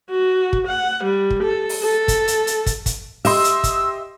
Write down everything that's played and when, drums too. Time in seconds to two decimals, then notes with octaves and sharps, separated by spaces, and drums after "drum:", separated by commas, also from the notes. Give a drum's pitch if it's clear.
0.10 F#4
0.53 drum: kick
0.67 F#5
1.04 G3
1.30 drum: kick
1.43 A4
1.69 drum: open hi-hat
1.83 A4
2.08 drum: kick, hi-hat
2.28 drum: hi-hat
2.47 drum: hi-hat
2.66 drum: kick, hi-hat
2.86 drum: kick, hi-hat
3.25 G4 D#5 E5 C6 E6, drum: open hi-hat
3.44 drum: hi-hat
3.64 drum: kick, hi-hat